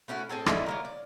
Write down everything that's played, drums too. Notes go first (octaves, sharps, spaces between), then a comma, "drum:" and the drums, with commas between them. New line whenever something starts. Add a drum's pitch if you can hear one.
A3 C#4 E4 F#4
A2 C4 G#4 A4
D3 E4 D#5, drum: rim click
F#3 A#3 A#4
D5